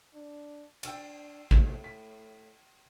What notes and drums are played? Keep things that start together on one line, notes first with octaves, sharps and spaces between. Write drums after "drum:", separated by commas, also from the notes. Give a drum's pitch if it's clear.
D4
D4 G5 E6 A6, drum: cymbal
A2, drum: kick
B6